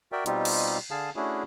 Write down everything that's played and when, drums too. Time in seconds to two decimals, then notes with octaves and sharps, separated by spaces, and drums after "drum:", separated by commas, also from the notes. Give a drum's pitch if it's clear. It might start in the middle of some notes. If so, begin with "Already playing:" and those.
0.12 F#4 A#4 D5 E5 G5
0.26 B2 G3 C4 D#4 F4 G4, drum: hi-hat
0.45 drum: cymbal
0.91 D3 G#4 F5 A5
1.16 A3 C#4 D4 E4 F#4 G#4